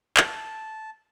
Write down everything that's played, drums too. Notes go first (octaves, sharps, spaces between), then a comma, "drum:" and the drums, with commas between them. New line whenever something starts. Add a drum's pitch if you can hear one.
A5, drum: clap